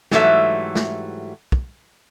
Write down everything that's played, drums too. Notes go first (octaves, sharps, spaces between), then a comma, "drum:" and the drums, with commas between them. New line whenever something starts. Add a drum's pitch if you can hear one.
G#2 E3 F#3 G3 A3 E5, drum: snare
drum: snare
drum: kick